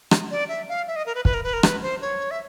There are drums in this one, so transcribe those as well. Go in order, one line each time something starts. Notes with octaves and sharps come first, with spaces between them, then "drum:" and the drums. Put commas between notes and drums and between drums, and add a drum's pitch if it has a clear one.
drum: rim click
D5
E5
F5
E5
D#5
A#4
B4
B4, drum: kick
A#4
B4
A#4
B4, drum: rim click
C5
C#5
E5